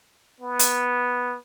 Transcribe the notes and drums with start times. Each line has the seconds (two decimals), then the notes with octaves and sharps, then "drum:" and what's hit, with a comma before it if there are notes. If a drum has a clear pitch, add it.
0.40 B3
0.59 drum: hi-hat